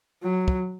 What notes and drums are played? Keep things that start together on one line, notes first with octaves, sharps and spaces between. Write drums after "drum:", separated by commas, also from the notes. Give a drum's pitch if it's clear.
F#3
drum: kick